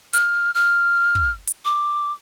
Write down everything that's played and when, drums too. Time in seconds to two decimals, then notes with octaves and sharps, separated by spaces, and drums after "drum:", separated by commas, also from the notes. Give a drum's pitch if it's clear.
0.13 F6, drum: hi-hat
0.55 F6
1.15 drum: kick
1.47 drum: hi-hat
1.65 D6